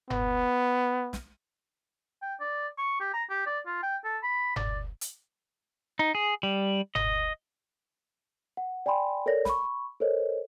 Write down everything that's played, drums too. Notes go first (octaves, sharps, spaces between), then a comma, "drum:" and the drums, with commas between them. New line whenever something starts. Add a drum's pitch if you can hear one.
B3, drum: tom F#1
drum: snare
G5
D5
C#6
G4
A#5
G4
D5
F4
G5
A4
B5
D5, drum: tom F#1
drum: hi-hat
D#4
G#4
G3
D#5, drum: tom F#1
F#5
D5 G5 G#5 B5 C6
A4 A#4 C#5 D5 A#6
B5 C#6, drum: snare
A4 A#4 C5 C#5 D#5